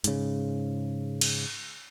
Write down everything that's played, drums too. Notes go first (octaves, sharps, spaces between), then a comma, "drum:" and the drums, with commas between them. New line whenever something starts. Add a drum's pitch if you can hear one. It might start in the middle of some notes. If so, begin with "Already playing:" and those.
G#2 C#3, drum: hi-hat
drum: cymbal